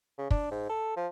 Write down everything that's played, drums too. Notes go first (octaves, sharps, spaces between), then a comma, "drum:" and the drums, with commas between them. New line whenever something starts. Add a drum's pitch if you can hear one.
C#3
D4, drum: kick
G#2
A4
F3